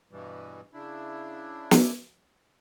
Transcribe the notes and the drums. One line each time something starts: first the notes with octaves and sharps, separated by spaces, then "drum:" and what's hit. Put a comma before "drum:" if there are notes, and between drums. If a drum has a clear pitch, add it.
G2 B2 E3 G3
C#3 D4 E4
drum: snare